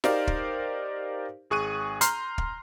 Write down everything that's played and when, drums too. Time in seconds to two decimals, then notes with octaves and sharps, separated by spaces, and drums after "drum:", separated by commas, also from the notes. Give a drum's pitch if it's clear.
0.04 D#4 G4 A#4 C5 D5 F5, drum: snare
0.27 drum: kick
1.50 G#1 G#4 C#6 F#6 D#7
2.01 A#5 C6 F6 G6 C7, drum: hi-hat
2.38 drum: kick